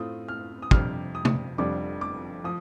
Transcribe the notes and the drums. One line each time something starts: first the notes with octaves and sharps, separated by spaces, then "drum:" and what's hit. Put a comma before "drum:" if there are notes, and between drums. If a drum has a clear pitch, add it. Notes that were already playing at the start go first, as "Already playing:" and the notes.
Already playing: A2 A3 C4 F4 D#6
F6
D#6
F2 C3 G3 D4 F6, drum: kick
D#6
drum: tom
F1 F2 D3 G3 D4 D6
D6
F3 D#6